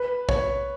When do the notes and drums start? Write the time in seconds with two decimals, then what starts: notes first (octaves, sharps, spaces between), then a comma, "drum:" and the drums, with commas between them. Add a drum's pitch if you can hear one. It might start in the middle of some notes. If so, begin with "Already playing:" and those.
Already playing: B4
0.29 C#5, drum: kick